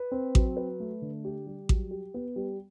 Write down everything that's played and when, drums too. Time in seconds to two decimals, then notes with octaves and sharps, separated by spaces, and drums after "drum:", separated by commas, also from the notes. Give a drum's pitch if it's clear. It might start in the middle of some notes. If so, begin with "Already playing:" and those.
Already playing: B4
0.12 C4
0.35 F#3, drum: kick A1
0.57 B4
0.80 A3
1.02 D3
1.25 G4
1.46 G3
1.69 F#3, drum: kick A1
1.91 G4
2.14 B3
2.36 G3